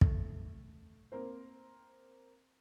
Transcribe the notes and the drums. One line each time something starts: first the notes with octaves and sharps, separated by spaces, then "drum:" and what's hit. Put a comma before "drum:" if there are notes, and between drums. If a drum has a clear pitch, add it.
A3, drum: kick
A#3 C4 A#4 C5